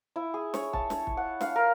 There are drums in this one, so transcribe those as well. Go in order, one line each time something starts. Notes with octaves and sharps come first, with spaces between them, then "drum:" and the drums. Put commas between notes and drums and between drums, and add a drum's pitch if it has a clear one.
E4
G#4
C#5, drum: snare
A5, drum: kick
drum: snare
drum: kick
F#5
F5, drum: snare
A#4